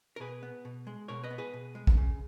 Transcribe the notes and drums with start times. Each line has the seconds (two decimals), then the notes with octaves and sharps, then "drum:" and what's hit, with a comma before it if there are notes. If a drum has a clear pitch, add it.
0.16 A#4
0.20 B2 G#4 B4
0.43 B3
0.65 B2
0.87 G#3
1.08 B2 A#4 C#5
1.23 B4 D#5
1.31 B3
1.38 G#4 B4
1.54 B2
1.75 G#3
1.87 drum: kick
1.97 C#3